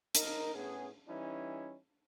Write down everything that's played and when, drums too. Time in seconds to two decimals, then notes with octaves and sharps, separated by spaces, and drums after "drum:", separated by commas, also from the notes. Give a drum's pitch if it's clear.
0.15 D#4 A#4, drum: hi-hat
0.54 A2 B3 C#4 G#4
1.08 E3 G3 C#4 D#4 E4